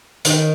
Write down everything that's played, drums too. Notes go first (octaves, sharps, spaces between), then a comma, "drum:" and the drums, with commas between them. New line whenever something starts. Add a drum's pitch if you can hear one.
D#3, drum: hi-hat